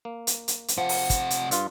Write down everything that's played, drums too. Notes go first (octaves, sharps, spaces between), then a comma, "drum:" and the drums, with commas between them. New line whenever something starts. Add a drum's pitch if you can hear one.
A#3
drum: hi-hat
drum: hi-hat
drum: hi-hat
C3 F3 F#5
drum: open hi-hat
drum: kick, hi-hat
drum: hi-hat
G2 F4, drum: hi-hat